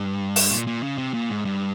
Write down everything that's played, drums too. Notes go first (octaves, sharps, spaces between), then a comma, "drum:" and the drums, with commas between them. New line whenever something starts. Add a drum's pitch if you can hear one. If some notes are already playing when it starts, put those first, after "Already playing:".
Already playing: G2
drum: open hi-hat
A#2
A#2
C#3
C3
A#2
G#2
G2